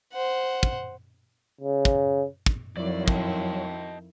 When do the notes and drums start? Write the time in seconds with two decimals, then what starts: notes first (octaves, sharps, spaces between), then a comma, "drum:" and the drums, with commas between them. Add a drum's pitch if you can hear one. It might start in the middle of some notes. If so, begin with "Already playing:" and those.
0.13 C5 F#5
0.63 drum: kick
1.61 C#3
1.85 drum: kick
2.46 drum: kick
2.77 F2 D#3 F#3 E4 D5
3.08 D#5 G5 A5, drum: kick